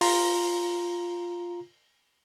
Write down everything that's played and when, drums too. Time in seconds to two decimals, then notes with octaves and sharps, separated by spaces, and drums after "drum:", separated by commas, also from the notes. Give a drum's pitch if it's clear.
0.01 F4 A#5, drum: open hi-hat